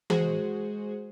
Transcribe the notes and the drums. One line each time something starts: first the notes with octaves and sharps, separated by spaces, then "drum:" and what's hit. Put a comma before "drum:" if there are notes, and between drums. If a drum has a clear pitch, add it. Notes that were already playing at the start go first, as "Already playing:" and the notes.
G#3 F#4 G#4 C5, drum: tom E3